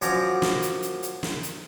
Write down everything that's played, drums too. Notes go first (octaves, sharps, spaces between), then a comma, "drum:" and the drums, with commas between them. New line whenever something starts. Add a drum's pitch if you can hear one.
F#2 F3 D5 A#5, drum: hi-hat
drum: snare
drum: hi-hat
drum: hi-hat
drum: hi-hat
drum: snare
drum: hi-hat